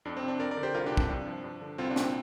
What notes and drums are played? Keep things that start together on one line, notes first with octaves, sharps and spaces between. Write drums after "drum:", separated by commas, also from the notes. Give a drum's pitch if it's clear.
F2 D4
C4
C3
D4
F2 A#4 D5
A#4 D5
D3
G4 C5
C2 F4 A#4
D4 G4
C3
D4, drum: kick
G2 D4
F3
G2
D3
C2 C4 F4
D4
A#2, drum: snare
C4